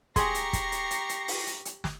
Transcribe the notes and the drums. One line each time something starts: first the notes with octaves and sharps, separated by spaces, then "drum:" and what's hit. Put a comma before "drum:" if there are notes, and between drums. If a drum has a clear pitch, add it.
G4 G#4 A#5 C6 C#6 A#6 C7, drum: kick, hi-hat
drum: hi-hat
drum: kick, hi-hat
drum: hi-hat
drum: hi-hat
drum: hi-hat
drum: open hi-hat
drum: hi-hat
drum: hi-hat
drum: snare